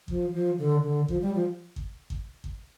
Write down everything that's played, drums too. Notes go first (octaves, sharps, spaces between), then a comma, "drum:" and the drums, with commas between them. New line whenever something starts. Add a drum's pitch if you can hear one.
F3, drum: kick G#1
F3
D3
D3
F3, drum: kick G#1
G3
F3
drum: kick G#1
drum: kick G#1
drum: kick G#1